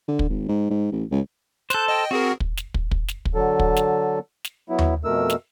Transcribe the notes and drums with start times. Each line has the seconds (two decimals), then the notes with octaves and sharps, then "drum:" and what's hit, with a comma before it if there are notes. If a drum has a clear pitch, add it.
0.08 D3
0.19 drum: kick
0.29 G#1
0.49 G#2
0.70 G#2
0.92 A1
1.11 C#2
1.70 A4 C5 F#6 G6, drum: snare
1.88 D#5 G5
2.11 C4 F#4 G#4 A#4
2.40 drum: kick
2.57 drum: snare
2.74 drum: kick
2.91 drum: kick
3.08 drum: snare
3.25 drum: kick
3.35 D3 F#3 A4
3.59 drum: kick
3.76 drum: snare
4.45 drum: snare
4.69 F#3 B3 E4
4.79 drum: tom D#2
5.04 F2 B2 A3 A#4 E6
5.30 drum: snare